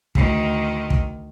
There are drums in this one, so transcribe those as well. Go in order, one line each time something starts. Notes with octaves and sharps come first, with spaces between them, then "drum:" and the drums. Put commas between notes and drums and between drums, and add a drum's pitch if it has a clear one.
D2 D#3, drum: kick
drum: kick